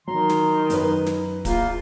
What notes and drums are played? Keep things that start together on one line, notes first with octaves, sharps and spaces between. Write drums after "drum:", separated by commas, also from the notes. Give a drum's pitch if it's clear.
D#3 F#3 A#5 C6
drum: snare
F#2 D#4 B4, drum: hi-hat
drum: snare
E2 A#3 F4 A#5, drum: kick, hi-hat